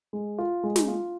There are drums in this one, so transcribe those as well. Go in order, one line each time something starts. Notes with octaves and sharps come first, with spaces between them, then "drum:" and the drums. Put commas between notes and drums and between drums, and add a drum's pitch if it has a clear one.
G#3
F4
G#3
drum: snare
F4